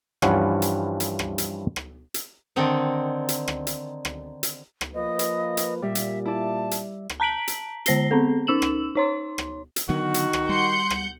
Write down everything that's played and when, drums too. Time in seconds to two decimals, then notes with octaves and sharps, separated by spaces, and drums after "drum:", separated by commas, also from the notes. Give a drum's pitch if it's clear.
0.22 G2 E3 F3 C#4 F#5, drum: rim click
0.62 drum: hi-hat
1.00 drum: hi-hat
1.19 drum: rim click
1.38 drum: hi-hat
1.76 drum: rim click
2.14 drum: hi-hat
2.56 D3 D#3 C4 D#4
3.29 drum: hi-hat
3.48 drum: rim click
3.67 drum: hi-hat
4.05 drum: rim click
4.43 drum: hi-hat
4.81 drum: rim click
4.95 F3 A#3 B4 D#5
5.19 drum: hi-hat
5.57 drum: hi-hat
5.82 A#2 G3 E5
5.95 drum: hi-hat
6.25 E4 D5 A5
6.71 drum: hi-hat
7.09 drum: rim click
7.20 A5 A#5 B6 D7 F#7
7.48 drum: hi-hat
7.86 D3 G#3 C5 A#6 C7 G7, drum: hi-hat
8.11 B3 C4 A4
8.47 C#4 D#4 E6 E7 F#7
8.62 drum: rim click
8.95 D#4 C#5 C6
9.38 drum: rim click
9.76 drum: hi-hat
9.89 D3 D#3 F#3 B3 F#4
10.14 drum: hi-hat
10.33 drum: rim click
10.49 G3 F#5 C6 G6 C#7
10.90 drum: rim click